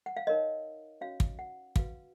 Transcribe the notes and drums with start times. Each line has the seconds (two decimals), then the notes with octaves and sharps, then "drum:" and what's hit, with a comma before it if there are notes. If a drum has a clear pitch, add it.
0.06 F#5
0.17 F5
0.27 D#4 A#4 C#5 D#5
1.01 C#4 F#4 C#5 F5
1.20 drum: kick
1.39 F#5
1.76 F#4 B4 F5, drum: kick